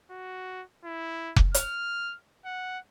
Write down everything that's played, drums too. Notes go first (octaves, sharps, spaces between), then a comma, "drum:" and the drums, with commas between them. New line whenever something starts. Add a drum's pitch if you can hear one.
F#4
E4
drum: kick F1
F6, drum: hi-hat
F#5